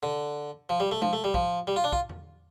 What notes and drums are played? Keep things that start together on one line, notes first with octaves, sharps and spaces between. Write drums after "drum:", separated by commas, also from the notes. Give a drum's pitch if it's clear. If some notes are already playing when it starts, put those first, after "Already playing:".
D3
F3
G3
A3
F3, drum: tom G#3
A3
G3
F3, drum: kick
G3
F4
D4
F4, drum: kick
drum: tom E2